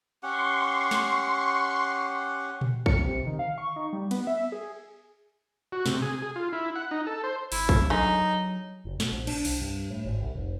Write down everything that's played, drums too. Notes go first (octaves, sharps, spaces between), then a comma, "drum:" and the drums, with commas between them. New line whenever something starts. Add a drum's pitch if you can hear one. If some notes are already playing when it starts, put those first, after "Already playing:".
C#4 G4 F#5 C6 C#6
drum: snare
drum: tom A#2
C#7, drum: kick
C3
D#3
F5
C#6
D#4
G3
B3, drum: cymbal
E5
G#4
F#4
C3, drum: snare
G#4
G#4
F4
E4
F#5
D#4
A4
C5
G#1 E4, drum: open hi-hat
drum: kick
D3 F#3 D#4 G#4
F#1
B2, drum: snare
A#1
D4, drum: cymbal
C2, drum: open hi-hat
G2
A2
G#1
C2
F1